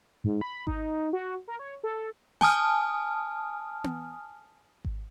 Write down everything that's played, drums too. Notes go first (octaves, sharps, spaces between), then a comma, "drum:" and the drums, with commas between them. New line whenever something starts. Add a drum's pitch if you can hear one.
G#2
B5
D#4, drum: kick G#1
F#4
A#4
C#5
A4
G#5 A5 D#6 F6, drum: snare
drum: tom B3
drum: kick G#1